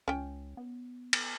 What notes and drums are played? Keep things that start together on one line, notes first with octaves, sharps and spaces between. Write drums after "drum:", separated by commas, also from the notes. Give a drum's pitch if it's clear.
C#2 C#4 G5
B3
drum: cymbal